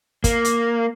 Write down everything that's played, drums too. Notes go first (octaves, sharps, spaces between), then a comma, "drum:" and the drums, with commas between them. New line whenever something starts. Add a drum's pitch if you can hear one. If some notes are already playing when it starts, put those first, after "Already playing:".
A#3, drum: kick, hi-hat
drum: hi-hat